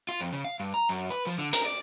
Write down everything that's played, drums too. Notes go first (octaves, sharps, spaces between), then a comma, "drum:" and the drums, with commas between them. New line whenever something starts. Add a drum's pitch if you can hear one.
F4
F2
C#3
F5
G2
A#5
F#2
B4
F3
D3
A#4, drum: hi-hat
D5